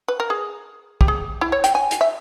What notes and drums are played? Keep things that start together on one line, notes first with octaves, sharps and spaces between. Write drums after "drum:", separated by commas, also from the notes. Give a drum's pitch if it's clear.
B4
A#4
G#4
G4, drum: kick
G#4
E4
C#5
G5, drum: hi-hat
G#5
drum: hi-hat
E5